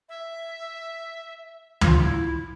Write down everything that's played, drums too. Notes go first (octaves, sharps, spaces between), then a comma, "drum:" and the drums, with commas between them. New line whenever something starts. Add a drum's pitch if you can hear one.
E5
F4, drum: tom
E4